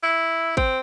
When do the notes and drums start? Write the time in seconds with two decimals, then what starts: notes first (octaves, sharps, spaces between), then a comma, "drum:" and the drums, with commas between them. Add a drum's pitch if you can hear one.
0.03 E4
0.57 C4, drum: kick G#1